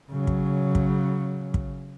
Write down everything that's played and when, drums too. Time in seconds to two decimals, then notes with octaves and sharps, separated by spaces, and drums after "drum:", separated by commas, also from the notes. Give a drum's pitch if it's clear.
0.11 C#3 F#3
0.27 drum: kick
0.75 drum: kick
1.54 drum: kick